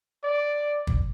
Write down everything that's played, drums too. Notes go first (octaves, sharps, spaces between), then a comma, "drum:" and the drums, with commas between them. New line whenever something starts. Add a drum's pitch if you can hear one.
D5
drum: kick